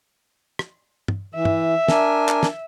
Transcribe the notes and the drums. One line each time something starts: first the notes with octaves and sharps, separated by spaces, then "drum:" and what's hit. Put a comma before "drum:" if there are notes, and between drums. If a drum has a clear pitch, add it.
drum: rim click
drum: tom
E3 E5
drum: tom
D4 A#4 G#5, drum: snare
drum: clap
drum: snare